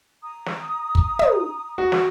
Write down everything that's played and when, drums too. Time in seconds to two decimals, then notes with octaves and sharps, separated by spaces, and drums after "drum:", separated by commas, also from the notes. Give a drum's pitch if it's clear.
0.22 A#5 D#6
0.46 drum: snare
0.95 drum: kick
1.19 drum: tom
1.78 F#4
1.92 drum: snare